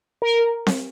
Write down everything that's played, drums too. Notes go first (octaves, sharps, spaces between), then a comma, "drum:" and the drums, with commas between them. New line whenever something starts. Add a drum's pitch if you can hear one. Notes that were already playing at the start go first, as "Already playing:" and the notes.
A#4
drum: snare C4